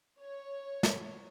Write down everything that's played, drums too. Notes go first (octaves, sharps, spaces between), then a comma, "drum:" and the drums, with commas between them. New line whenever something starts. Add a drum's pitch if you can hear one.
C#5
drum: snare